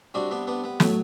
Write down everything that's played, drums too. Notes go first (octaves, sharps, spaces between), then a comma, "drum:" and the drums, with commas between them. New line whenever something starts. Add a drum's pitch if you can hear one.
C3 G3 D4 F#4
B3 D4
B3 D4
B3
A2 F#3 A3, drum: snare